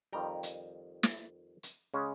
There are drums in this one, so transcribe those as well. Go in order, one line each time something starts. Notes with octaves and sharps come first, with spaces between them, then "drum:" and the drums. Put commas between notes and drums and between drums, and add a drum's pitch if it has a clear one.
F2 D#3 G3 G5 A#5
drum: hi-hat
drum: snare
drum: hi-hat
C#3 G#3 C#4